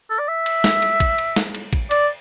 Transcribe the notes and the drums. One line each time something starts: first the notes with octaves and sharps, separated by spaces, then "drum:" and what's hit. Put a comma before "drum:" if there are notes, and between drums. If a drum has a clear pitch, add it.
A4
D5
E5
drum: cymbal
drum: snare
drum: cymbal
drum: kick, cymbal
drum: cymbal
drum: snare
drum: cymbal
drum: kick, cymbal
D5, drum: cymbal